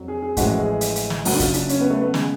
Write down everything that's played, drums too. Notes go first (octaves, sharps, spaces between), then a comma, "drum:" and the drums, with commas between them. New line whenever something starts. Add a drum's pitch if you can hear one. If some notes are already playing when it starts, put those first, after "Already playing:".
Already playing: F2 F#3
G#4
G#4
A1 A2 F3 G#3 F#4, drum: kick, hi-hat
G#4
drum: hi-hat
drum: hi-hat
drum: snare
F#1 F#2 C#3 F#3 F#4, drum: open hi-hat
D4
F4, drum: kick, hi-hat
D4, drum: hi-hat
C#4, drum: hi-hat
B3
A3
B3
C#3 G#3, drum: snare